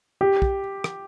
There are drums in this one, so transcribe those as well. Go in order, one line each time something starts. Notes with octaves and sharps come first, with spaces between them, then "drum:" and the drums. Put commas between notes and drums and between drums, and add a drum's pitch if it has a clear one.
G4
drum: kick
drum: rim click